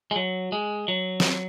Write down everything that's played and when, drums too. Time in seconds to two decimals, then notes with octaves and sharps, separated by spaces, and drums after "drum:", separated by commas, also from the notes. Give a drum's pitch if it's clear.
0.11 G#3
0.16 F#3
0.52 G#3
0.88 F#3
1.20 drum: snare